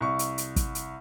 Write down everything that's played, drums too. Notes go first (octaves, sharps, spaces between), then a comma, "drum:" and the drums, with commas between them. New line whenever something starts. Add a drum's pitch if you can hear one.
C2 C#6
drum: hi-hat
drum: hi-hat
drum: kick, hi-hat
drum: hi-hat